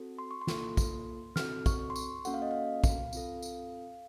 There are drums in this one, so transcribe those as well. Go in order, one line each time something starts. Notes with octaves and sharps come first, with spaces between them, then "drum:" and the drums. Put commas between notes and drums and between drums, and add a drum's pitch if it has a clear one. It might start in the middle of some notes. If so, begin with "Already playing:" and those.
Already playing: C4 F#4 A4
C6
C#6
C6
A#3 F4 A4, drum: snare
drum: kick, tambourine
C4 F#4 A4 F6, drum: snare
C#6, drum: kick, tambourine
C6
C#6, drum: tambourine
A#3 C#4 F#4 A4 F#5, drum: tambourine
F5
D#5
F5
drum: kick, tambourine
C4 F4 A4, drum: tambourine
drum: tambourine